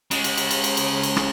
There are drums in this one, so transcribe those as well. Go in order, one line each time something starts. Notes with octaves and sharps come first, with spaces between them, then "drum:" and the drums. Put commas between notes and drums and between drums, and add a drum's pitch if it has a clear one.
C#3 G#3, drum: cymbal
drum: cymbal
drum: cymbal
drum: cymbal
drum: cymbal
drum: cymbal
drum: cymbal
drum: rim click